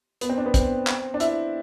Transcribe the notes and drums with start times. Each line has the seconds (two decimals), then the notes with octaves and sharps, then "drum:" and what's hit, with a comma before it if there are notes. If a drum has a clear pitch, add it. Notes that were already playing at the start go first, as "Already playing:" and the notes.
0.21 B3, drum: hi-hat
0.29 C4
0.37 D4
0.46 B3
0.54 C4, drum: kick, hi-hat
0.87 drum: clap
1.14 D4
1.20 E4, drum: hi-hat